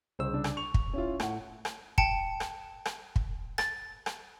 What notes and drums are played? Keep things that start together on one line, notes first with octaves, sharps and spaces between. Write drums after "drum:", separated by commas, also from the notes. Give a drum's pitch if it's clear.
C2 C#3 C5 E6
D4
drum: rim click
C#6 F7
drum: kick
C#4 E4 F4
A2 F#5, drum: rim click
drum: rim click
G5 A5 C#7, drum: kick
drum: rim click
drum: rim click
drum: kick
A6, drum: rim click
drum: rim click